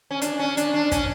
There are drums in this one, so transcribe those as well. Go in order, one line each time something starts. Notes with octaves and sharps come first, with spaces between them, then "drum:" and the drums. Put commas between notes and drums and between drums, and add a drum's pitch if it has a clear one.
C#4
D4, drum: hi-hat
C#4
D4, drum: hi-hat
D4
C#4, drum: kick, hi-hat